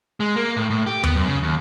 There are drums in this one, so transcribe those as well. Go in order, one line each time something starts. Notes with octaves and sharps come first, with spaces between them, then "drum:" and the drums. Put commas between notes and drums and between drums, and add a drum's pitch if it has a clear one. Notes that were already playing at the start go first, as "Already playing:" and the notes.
G#3
A#3
A2
A2
G4
B3, drum: tom D#2
F#2
C#3
D#2